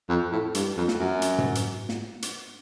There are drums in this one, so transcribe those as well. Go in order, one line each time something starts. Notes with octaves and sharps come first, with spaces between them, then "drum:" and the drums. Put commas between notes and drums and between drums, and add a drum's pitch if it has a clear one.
F2
A2
G2, drum: hi-hat
F2
drum: snare
F#2
drum: hi-hat
drum: tom
drum: hi-hat
drum: snare
drum: hi-hat